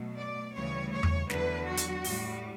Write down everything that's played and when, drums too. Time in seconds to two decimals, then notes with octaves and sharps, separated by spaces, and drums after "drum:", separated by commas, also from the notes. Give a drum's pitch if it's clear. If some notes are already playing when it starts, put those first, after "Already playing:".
Already playing: B2 F#3 A3
0.17 D5
0.55 D2 C#3 E3 G3 C#5
0.92 C#5
1.03 drum: tom E2
1.30 E2 D3 F#3 B4, drum: snare
1.68 F#4
1.77 drum: hi-hat
2.04 A2 G3, drum: open hi-hat